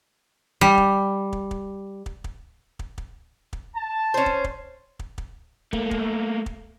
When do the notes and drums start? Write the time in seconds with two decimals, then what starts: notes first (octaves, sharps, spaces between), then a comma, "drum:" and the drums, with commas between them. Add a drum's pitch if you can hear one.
0.61 G3, drum: kick
0.78 drum: kick
1.33 drum: kick
1.51 drum: kick
2.06 drum: kick
2.24 drum: kick
2.79 drum: kick
2.98 drum: kick
3.53 drum: kick
3.76 A5
4.14 C#4 C5
4.26 drum: kick
4.44 drum: kick
4.99 drum: kick
5.18 drum: kick
5.73 A3 A#3, drum: kick
5.91 drum: kick
6.46 drum: kick